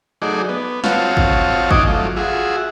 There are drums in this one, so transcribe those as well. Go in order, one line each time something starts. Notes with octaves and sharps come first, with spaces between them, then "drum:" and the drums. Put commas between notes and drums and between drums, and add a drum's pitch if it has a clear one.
F#3 A3 D#4 G#4 D5
B3
C4 F4 F#4 C#5 F5 A5, drum: snare
drum: kick
D#4 E4 D#5 G#5 D6, drum: kick
F#3 A3 F4
F4 F#4 G#4 E5